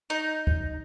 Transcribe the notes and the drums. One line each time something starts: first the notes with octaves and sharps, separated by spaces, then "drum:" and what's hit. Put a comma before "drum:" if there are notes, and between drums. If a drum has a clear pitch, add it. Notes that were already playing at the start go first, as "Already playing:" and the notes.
D#4
drum: kick